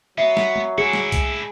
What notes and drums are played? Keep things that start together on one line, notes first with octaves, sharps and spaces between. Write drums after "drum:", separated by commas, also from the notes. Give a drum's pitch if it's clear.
F#3 B3 E5 C7
drum: snare
drum: tom
D4 E4 G#4 C#7
drum: snare
drum: kick C2, hi-hat